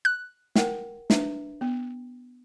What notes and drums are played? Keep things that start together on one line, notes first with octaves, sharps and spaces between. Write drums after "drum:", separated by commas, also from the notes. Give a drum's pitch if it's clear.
F#6
A#4 F#5 G5, drum: snare
D4 B4 E5, drum: snare
B3